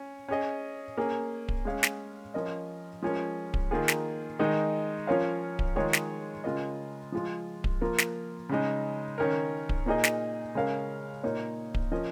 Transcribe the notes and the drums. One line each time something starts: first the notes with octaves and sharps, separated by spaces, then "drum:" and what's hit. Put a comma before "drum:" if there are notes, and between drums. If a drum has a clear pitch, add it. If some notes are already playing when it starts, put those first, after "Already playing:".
Already playing: C#4
C#4 G#4 D#5
A#3 C#4 G#4
drum: kick D1
G#3 C#4 G#4 F5
drum: snare
F3 C#4 F4 A#4 D#5
F3 G#3 C#4 A#4
drum: kick D1
D#3 A#3 F4 G#4
drum: snare
D#3 G#3 D#4
F3 C#4 A#4 C#5 F5
drum: kick D1
D#3 G#3 F4 G#4 C#5
drum: snare
C#3 G#3 F4 A#4 D#5
F3 G#3 F4
drum: kick D1
F3 A#3 F4 A#4
drum: snare
C#3 G#3 D#4
D#3 C#4 A#4
drum: kick D1
A#2 A#3 D#4 G#4 D#5
drum: snare
C#3 G#3 C#4 A#4 F5
A#2 A#3 D#4 A#4 C#5
drum: kick D1
F3 C#4 A#4 D#5